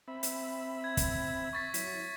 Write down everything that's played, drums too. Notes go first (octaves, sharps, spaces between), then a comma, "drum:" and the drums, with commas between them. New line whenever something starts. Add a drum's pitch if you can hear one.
C4 E5 B5
drum: hi-hat
G#6
drum: kick, hi-hat
C#6 A6 B6
F#3 E4 C#5 B6, drum: hi-hat